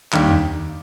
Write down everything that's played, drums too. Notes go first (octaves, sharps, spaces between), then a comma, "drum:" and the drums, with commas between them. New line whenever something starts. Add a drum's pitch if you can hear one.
D#2 D#3 G3 D4 G4, drum: clap
drum: tom F2